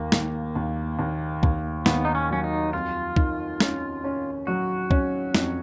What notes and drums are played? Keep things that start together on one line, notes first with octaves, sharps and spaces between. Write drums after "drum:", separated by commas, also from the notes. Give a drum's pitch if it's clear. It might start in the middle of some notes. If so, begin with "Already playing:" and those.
Already playing: D#2 A#3
D#2, drum: snare
D#2
D#2
D#2, drum: kick C2
D#2 B3, drum: snare
D#4
C#4
F#3 C#4
D#4
F2 F4
D#3, drum: kick C2
C#4, drum: snare
C#4
F#3 F#4
C#4, drum: kick C2
F2, drum: snare